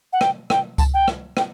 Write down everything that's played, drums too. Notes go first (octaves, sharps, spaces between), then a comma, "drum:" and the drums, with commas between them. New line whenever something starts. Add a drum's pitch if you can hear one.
F#5
G5, drum: rim click
G5, drum: rim click
A5, drum: kick C#2, tambourine
G5
drum: rim click
G5, drum: rim click